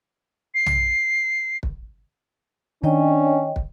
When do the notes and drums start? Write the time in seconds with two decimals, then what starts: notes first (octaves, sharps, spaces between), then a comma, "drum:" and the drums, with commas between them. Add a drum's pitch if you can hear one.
0.54 C7
0.66 drum: tom
1.63 drum: kick
2.84 D#3 C#4 D4 C#5 D#5 G5
3.56 drum: kick